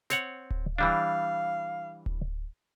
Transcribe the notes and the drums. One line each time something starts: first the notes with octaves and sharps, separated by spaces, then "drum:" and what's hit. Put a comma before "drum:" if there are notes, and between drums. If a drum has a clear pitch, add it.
C4 C#5 F#5, drum: snare
drum: kick D1
E3 G3 D4 F5
drum: kick D1